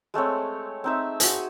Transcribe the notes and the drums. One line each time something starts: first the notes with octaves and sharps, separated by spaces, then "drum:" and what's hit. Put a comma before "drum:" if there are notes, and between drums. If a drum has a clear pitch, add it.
G#3 A3 C4 C#5
C4 D#4 E5
F#4 G#4, drum: hi-hat